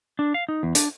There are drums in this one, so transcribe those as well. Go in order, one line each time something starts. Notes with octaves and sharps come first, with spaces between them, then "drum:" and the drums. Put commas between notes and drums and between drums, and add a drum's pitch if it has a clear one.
D4
F5
D#4
E2
D4, drum: hi-hat